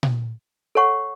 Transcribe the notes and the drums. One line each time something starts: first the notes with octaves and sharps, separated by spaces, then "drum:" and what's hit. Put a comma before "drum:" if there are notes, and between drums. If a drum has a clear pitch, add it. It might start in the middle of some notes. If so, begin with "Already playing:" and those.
drum: tom A#2
A4 C#5 F#5 C#6